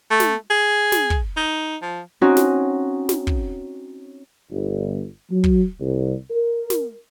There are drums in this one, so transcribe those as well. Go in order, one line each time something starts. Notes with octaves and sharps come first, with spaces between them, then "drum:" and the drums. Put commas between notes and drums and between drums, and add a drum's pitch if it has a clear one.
A3
drum: snare
G#4
drum: snare
drum: kick
D#4
F3
C4 C#4 D#4 F#4
drum: snare
drum: snare
drum: kick
G1
F#3
drum: kick
C2
A#4
drum: snare